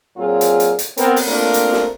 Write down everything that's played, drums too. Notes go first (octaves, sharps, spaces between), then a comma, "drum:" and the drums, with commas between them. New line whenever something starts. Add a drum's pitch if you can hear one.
A#2 F#3 C4 F4 G#4
drum: hi-hat
drum: hi-hat
drum: hi-hat
B3 C4 A#4, drum: hi-hat
drum: open hi-hat
A3 A#3 C4 D4 F4 A#4
drum: hi-hat
drum: snare